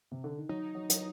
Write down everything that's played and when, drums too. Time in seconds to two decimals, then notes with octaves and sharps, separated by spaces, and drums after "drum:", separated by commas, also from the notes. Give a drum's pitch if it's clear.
0.11 C3
0.24 D3
0.38 D#3
0.49 F#3 D#4
0.75 F#3
0.90 F#3, drum: hi-hat